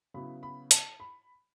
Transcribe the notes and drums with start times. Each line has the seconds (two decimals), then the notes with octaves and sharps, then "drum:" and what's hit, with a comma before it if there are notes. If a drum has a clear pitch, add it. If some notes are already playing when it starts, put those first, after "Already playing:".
0.14 C#3 F#3 B3 E4 B5
0.43 B5
0.71 A5, drum: hi-hat
1.00 B5